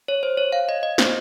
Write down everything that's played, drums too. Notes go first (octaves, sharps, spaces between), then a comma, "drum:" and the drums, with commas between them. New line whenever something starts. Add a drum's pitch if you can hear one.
C#5
C5
C#5
F5
D#5
D#5
C5, drum: snare